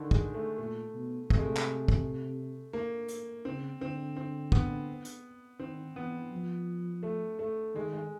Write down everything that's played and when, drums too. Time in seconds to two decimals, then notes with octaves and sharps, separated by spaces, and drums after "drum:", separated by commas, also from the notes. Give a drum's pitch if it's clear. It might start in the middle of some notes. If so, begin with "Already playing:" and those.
Already playing: D3 D#3
0.11 G#3, drum: kick
0.34 A3
0.58 A#2 A3
0.94 B2
1.30 C3 A3, drum: kick
1.37 G#3
1.45 A3
1.56 drum: clap
1.88 drum: kick
2.73 A#3
3.08 drum: hi-hat
3.45 C#3 C4
3.81 D3 C4
4.17 C4
4.52 B3, drum: kick
5.05 drum: hi-hat
5.59 D#3 C4
5.96 E3 B3
6.32 F3
7.03 A3
7.39 A3
7.75 D#3 G#3
7.93 G#3